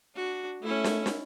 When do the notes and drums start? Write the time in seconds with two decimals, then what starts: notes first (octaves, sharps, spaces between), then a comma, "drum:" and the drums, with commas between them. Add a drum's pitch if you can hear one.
0.15 D4 F#4
0.63 A3 C#4 E4
0.84 drum: snare
1.06 drum: snare